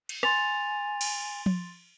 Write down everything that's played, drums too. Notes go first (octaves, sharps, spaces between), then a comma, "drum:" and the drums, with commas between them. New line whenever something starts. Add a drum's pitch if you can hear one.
drum: cymbal
G#5 C6 A6 F7, drum: rim click
drum: cymbal
drum: tom F3